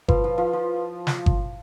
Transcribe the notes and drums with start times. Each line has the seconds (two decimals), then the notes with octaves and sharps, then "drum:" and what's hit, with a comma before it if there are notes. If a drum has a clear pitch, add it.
0.09 F3 B4, drum: kick G1
0.24 F3
0.38 F3 B4
0.53 F3
1.07 drum: snare
1.26 drum: kick G1